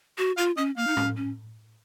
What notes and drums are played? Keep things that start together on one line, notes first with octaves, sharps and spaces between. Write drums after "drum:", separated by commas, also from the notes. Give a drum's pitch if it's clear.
F#4
F4 F5
C#4 D#5
A#3 F5
D#4
C#4, drum: tom A2
C#4